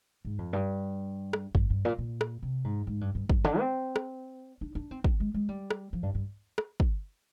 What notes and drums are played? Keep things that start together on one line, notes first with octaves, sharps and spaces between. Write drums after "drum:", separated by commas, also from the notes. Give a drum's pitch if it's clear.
G#2
F2
G2
drum: rim click
G2, drum: kick
G2
A#2
A#2
drum: rim click
C3
G#2
G#2
G2
G2
G2, drum: kick
D3
C4
drum: rim click
D4
D4
C4
C4, drum: kick
G#3
G#3
G3
drum: rim click
F3
G2
G2
drum: rim click
drum: kick